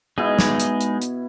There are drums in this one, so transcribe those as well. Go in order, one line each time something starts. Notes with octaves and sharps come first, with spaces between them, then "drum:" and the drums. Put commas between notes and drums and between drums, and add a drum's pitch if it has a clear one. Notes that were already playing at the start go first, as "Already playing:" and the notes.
B2 G#3 D#4 E4 G#4
drum: snare
drum: hi-hat
drum: hi-hat
drum: hi-hat